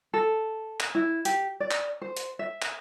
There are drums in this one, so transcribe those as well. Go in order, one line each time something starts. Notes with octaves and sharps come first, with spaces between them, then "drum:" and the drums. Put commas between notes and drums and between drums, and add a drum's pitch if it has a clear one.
A4
drum: clap
E4
G4, drum: hi-hat
D5
drum: clap
C5
drum: hi-hat
E5
drum: clap